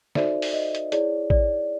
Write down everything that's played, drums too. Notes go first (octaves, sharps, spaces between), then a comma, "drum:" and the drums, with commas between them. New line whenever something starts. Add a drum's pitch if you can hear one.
D#4 F#4 A4 C5 D5 E5, drum: snare
drum: open hi-hat
D#5
drum: hi-hat
E4 G#4 C#5 D5, drum: hi-hat
D5, drum: kick A1